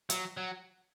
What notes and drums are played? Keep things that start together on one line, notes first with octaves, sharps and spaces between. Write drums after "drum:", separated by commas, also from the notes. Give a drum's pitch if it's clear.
F#3, drum: hi-hat
F#3